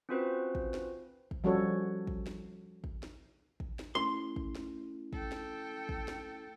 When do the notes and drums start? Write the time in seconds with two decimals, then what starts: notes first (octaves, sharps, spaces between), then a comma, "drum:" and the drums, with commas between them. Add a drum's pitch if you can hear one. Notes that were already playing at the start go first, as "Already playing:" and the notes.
0.09 C4 C#4 F4 F#4 B4 C5
0.55 drum: kick
0.74 drum: snare
1.31 drum: kick
1.44 F3 G3 C#4 F#4 A4 C#5
2.07 drum: kick
2.26 drum: snare
2.84 drum: kick
3.03 drum: snare
3.60 drum: kick
3.79 drum: snare
3.95 A3 C#4 E4 C6
4.36 drum: kick
4.55 drum: snare
5.13 A4 G5, drum: kick
5.32 drum: snare
5.89 drum: kick
6.08 drum: snare